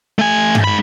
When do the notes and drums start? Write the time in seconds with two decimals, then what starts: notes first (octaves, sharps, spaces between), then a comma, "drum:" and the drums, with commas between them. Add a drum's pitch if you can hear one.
0.19 A3 G#5
0.55 drum: tom G2
0.64 G#2 B5